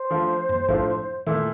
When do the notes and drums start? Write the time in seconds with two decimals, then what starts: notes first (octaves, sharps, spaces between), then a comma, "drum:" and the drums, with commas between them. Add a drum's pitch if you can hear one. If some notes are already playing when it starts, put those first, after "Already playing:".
Already playing: C5
0.11 F3 A3 D4 F4
0.49 drum: tom F#2
0.69 A2 F3 A3 D4 F4, drum: kick
1.27 A#2 A3 E4, drum: tom D#3